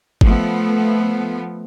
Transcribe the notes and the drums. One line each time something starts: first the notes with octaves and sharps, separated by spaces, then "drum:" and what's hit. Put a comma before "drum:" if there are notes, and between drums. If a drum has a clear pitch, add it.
F3 A3 B3, drum: kick